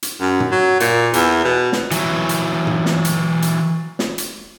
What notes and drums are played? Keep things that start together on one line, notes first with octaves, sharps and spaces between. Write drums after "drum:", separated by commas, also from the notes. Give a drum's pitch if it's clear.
drum: hi-hat
F#2
drum: tom
F#3
A#2, drum: hi-hat
E2, drum: hi-hat
B2
drum: snare
E3 F#3, drum: hi-hat
drum: hi-hat
drum: tom
drum: snare
drum: hi-hat
drum: hi-hat
drum: snare
drum: hi-hat